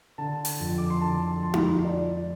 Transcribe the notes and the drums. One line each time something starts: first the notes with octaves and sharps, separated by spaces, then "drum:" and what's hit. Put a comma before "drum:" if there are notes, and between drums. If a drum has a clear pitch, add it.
D3 A5
drum: open hi-hat
F2
D6
C6
D3 A5
F2 C6
drum: tom D#4
F3 D5